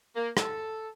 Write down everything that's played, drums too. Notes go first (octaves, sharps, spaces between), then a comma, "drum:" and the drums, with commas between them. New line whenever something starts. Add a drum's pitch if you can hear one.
A#3
A4, drum: rim click